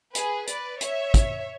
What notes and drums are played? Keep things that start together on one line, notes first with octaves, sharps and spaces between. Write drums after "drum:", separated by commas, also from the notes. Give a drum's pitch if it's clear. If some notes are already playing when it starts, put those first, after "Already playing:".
G#4 B4, drum: hi-hat
B4 D5, drum: hi-hat
C#5 E5, drum: hi-hat
drum: kick, hi-hat